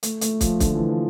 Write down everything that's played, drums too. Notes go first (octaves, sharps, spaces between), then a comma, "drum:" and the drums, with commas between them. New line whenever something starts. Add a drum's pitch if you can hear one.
A3, drum: hi-hat
A3, drum: hi-hat
F3, drum: kick, hi-hat
D3, drum: kick, hi-hat
E3
F3